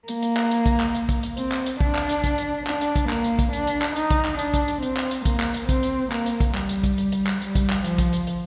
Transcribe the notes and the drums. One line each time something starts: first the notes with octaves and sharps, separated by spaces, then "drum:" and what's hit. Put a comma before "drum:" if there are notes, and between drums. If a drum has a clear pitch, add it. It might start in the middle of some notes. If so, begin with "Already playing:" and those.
A#3, drum: hi-hat
drum: hi-hat
drum: clap
drum: hi-hat
drum: kick, hi-hat
drum: clap
drum: hi-hat
drum: kick, hi-hat
drum: hi-hat
C4, drum: hi-hat
drum: clap
drum: hi-hat
D4, drum: kick
drum: clap
drum: hi-hat
drum: kick, hi-hat
drum: hi-hat
D4, drum: clap
drum: hi-hat
drum: kick, hi-hat
A#3, drum: clap
drum: hi-hat
drum: kick, hi-hat
D4, drum: hi-hat
drum: hi-hat
drum: clap
D#4, drum: hi-hat
drum: kick, hi-hat
drum: clap
D4, drum: hi-hat
drum: kick, hi-hat
drum: hi-hat
C4, drum: hi-hat
drum: clap
drum: hi-hat
A#3, drum: kick, hi-hat
drum: clap
drum: hi-hat
C4, drum: kick, hi-hat
drum: hi-hat
A#3, drum: clap
drum: hi-hat
drum: kick, hi-hat
G3, drum: clap
drum: hi-hat
drum: kick, hi-hat
drum: hi-hat
drum: hi-hat
drum: clap
G3, drum: hi-hat
drum: kick, hi-hat
drum: clap
F3, drum: hi-hat
drum: kick, hi-hat
drum: hi-hat
drum: hi-hat